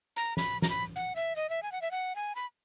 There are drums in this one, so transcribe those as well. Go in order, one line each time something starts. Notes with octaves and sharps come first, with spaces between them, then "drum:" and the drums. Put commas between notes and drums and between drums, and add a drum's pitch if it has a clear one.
A#5, drum: hi-hat
B5, drum: snare
A#5, drum: snare
B5
F#5
E5
D#5
E5
G#5
F#5
E5
F#5
G#5
B5